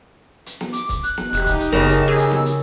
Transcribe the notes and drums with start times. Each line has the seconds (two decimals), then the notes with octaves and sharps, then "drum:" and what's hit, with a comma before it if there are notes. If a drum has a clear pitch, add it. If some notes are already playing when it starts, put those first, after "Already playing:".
0.46 drum: hi-hat
0.61 drum: snare
0.73 D6, drum: hi-hat
0.89 drum: kick C#1, hi-hat
1.03 F#6, drum: hi-hat
1.18 drum: snare
1.33 E1 D#4 G4, drum: hi-hat
1.46 drum: kick C#1, hi-hat
1.60 drum: hi-hat
1.72 F#1 C#3 A#4 E7, drum: snare
1.89 drum: hi-hat
2.08 G#4 E6
2.17 drum: hi-hat
2.31 drum: snare
2.46 drum: hi-hat